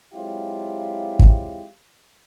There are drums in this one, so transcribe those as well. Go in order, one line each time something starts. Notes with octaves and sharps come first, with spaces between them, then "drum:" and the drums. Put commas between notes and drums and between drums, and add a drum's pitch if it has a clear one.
F#3 G#3 C4 E4 F4 G4
drum: kick